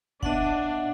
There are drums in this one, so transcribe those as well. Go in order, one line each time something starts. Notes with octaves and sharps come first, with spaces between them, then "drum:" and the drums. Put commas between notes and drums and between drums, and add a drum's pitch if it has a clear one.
A#2 B3 D4 D#5 E5 F#5, drum: kick